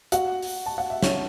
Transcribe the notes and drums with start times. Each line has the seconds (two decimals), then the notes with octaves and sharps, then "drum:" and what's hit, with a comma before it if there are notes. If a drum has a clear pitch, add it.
0.12 F#4 F#5, drum: hi-hat
0.42 drum: open hi-hat
0.66 A5
0.78 F#5
0.90 E5
1.02 C#4 C#5, drum: snare